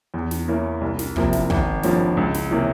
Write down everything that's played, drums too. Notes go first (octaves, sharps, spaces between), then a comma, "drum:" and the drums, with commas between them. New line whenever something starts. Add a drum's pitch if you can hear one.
E2
drum: snare
E3 A#3 C#4 E4
C2
drum: snare
C3 F3 A#3 E4, drum: kick
drum: snare
G#1, drum: kick
G2 F3 A#3 C#4, drum: snare
C#2
drum: snare
C3 E3 A#3 C#4